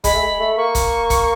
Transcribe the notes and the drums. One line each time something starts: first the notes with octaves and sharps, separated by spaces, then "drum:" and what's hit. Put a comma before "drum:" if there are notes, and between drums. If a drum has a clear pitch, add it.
G#3 B5, drum: kick, hi-hat
A3
G#3
A3
A#3 C#6
drum: kick, hi-hat
drum: kick, hi-hat